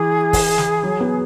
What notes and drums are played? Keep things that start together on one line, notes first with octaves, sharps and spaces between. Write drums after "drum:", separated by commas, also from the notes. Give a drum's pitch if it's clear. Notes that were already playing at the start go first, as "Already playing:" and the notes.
Already playing: E3 G#4
drum: kick, open hi-hat
drum: snare
F#3
B3